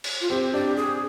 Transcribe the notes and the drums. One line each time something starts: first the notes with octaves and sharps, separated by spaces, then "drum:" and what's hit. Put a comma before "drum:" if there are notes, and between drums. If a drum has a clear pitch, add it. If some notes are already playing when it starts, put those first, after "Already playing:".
drum: cymbal
F4
C4 G4
D4 G4
G#4